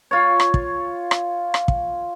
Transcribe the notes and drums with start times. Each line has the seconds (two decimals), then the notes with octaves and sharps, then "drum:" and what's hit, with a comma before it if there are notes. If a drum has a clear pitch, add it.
0.11 F4 C#5
0.40 drum: rim click
0.54 drum: kick
1.11 drum: rim click
1.54 drum: rim click
1.68 drum: kick